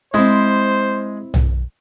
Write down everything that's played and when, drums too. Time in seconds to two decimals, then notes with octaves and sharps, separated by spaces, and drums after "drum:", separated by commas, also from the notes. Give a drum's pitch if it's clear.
0.14 G#3 C4 E4 C5
1.34 drum: tom